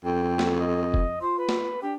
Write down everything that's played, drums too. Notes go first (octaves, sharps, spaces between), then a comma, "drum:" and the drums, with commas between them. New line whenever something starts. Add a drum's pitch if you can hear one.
F2 A4 G5
drum: snare
D#5
drum: kick F1
F4 C5
B4
drum: snare
D4 G4